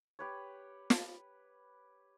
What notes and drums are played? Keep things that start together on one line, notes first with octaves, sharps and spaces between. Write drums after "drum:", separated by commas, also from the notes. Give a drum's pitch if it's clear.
G4 B4 C#5
drum: snare